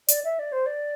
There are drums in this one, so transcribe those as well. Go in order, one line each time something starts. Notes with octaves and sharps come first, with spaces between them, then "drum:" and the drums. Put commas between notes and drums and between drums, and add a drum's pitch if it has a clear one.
D5, drum: hi-hat
E5
D5
C5
D5